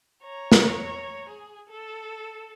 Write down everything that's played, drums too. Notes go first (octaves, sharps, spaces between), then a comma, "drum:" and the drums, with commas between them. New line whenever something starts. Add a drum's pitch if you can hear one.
C#5 A#5
drum: snare
G#4
A4